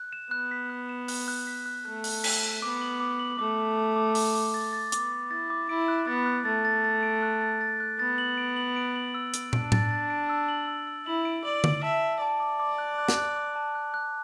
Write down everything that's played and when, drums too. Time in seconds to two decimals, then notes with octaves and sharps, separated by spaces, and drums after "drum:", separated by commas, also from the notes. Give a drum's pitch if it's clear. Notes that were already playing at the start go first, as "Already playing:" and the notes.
Already playing: F#6
0.13 E7
0.31 B3 F#6
0.51 B6
0.70 F#6
0.89 E7
1.08 F#6, drum: open hi-hat
1.28 F#6
1.47 B6
1.66 F#6
1.85 A3 F#6
2.04 F#6, drum: open hi-hat
2.24 B6, drum: cymbal
2.43 E7
2.62 B3 D6
2.81 F#7
3.00 D6
3.19 F#7
3.39 A3 D6
3.58 D6
3.78 D6
3.96 D6
4.15 D6, drum: open hi-hat
4.35 D6
4.54 A6
4.73 A6
4.92 B3 D6, drum: hi-hat
5.12 D6
5.31 E4 A6
5.50 D6
5.69 E4 D7
5.88 F#6
6.07 B3 A6
6.26 F#6
6.45 A3 A6
6.65 A6
6.84 A6
7.03 D7
7.23 F#6
7.41 A6
7.61 A6
7.80 F#6
7.99 B3 A6
8.18 F#7
8.38 D7
8.57 F#7
8.76 D7
8.96 F#7
9.14 E6
9.34 D7, drum: hi-hat
9.53 D4 D7, drum: tom
9.72 A6, drum: tom A2
9.91 A6
10.10 D7
10.30 E6
10.48 F#7
10.68 E6
10.87 E6
11.06 E4 F#7
11.25 D7
11.44 D5 F#7
11.64 D7, drum: tom
11.83 E5 A5
12.02 A5
12.21 D5 A5
12.40 D6
12.60 D6
12.78 F#6
12.98 F#6
13.09 drum: snare
13.18 F#6
13.36 D6
13.56 A5
13.75 F#6
13.94 F#6